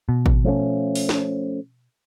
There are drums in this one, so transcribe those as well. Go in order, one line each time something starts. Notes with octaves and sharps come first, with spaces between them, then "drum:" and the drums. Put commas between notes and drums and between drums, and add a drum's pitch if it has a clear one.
B2
drum: kick G#1
F3 A3 C#4
drum: open hi-hat
drum: snare